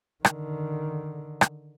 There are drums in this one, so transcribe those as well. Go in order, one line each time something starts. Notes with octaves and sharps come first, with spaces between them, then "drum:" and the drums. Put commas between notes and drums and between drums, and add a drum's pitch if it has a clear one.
D3 D#3, drum: rim click
drum: rim click